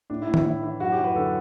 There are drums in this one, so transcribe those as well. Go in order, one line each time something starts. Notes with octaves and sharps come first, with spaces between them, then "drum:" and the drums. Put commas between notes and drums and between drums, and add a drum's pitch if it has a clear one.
A2 D4
E4
A2
E4, drum: tom D#3
A2 E4
E3 E4
F#2 F#4
G4
F#2
B4
D3 A4